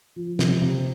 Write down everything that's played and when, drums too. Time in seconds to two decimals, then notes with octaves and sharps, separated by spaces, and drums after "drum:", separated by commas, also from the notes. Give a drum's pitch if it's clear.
0.16 F3
0.39 C3, drum: snare
0.61 C3